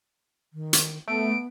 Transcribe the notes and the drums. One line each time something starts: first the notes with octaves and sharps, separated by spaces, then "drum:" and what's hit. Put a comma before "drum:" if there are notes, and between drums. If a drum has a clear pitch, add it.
D#3
drum: hi-hat
A3 B3 D7